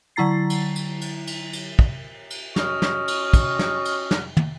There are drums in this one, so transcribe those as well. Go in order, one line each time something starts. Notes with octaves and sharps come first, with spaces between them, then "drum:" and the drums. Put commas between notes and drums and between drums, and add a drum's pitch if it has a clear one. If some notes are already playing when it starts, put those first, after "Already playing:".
D3 F#3 E4 A#5 A6 C7
drum: cymbal
drum: cymbal
drum: cymbal
drum: cymbal
drum: cymbal
drum: kick
drum: cymbal
C#4 F#4 D#5 C#6 F6, drum: snare
drum: snare
drum: cymbal
drum: kick, cymbal
drum: snare
drum: cymbal
drum: snare
drum: tom